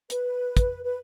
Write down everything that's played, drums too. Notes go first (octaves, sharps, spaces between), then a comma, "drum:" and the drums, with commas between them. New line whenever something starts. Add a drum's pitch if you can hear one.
B4, drum: hi-hat
drum: kick, hi-hat
B4